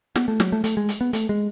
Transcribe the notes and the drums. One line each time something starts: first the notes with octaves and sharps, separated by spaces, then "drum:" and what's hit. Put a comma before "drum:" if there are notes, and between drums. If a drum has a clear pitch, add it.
B3, drum: snare
A3
F#3, drum: snare
A3
A3, drum: hi-hat
G#3
drum: hi-hat
B3
A3, drum: hi-hat
G#3